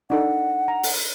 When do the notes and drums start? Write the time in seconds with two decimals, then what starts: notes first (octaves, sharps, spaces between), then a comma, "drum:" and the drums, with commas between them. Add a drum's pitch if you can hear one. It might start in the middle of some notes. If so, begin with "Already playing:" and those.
0.10 D4 D#4 A4 F#5
0.68 A#5
0.83 drum: open hi-hat